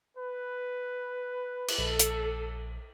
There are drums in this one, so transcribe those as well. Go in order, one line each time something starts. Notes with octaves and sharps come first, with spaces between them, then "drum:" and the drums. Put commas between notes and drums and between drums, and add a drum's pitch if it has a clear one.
B4
drum: cymbal
A#1 A4
drum: hi-hat